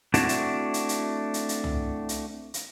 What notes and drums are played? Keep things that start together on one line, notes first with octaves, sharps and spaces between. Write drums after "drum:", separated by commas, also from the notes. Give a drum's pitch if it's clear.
A3 C4 D4 E4 F#4, drum: hi-hat
drum: hi-hat
drum: hi-hat
drum: hi-hat
drum: hi-hat
drum: hi-hat
drum: tom
drum: hi-hat
drum: hi-hat